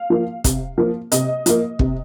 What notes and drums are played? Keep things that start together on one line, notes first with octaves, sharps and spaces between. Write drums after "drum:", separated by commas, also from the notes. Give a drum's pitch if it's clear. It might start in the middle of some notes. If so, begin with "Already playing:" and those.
Already playing: F5
F3 A#3
C3, drum: kick, hi-hat
F3 A#3
C3 D#5, drum: hi-hat
F3 A#3, drum: hi-hat
C3, drum: kick